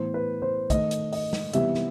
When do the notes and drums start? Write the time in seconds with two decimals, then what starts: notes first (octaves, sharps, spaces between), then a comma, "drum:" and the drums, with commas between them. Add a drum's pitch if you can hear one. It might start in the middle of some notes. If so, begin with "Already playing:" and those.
Already playing: A2 E3 B3 C5
0.14 B4
0.42 C5
0.70 D#3 A3 D#5, drum: kick, hi-hat
0.91 drum: hi-hat
1.12 D#5, drum: open hi-hat
1.33 drum: snare
1.53 C3 E3 G3 B3 E5, drum: hi-hat
1.75 drum: snare